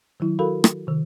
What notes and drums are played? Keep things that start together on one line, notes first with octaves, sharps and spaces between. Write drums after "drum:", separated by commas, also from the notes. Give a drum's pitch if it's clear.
D#3 F#3 E4
F#4 A4 A#4 F5 B5
drum: rim click
C3 D#3